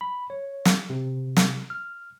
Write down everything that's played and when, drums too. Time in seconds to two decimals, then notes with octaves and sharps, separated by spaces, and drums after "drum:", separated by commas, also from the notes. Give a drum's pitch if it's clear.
0.01 B5
0.30 C#5
0.65 drum: snare
0.90 C3
1.37 drum: snare
1.70 F6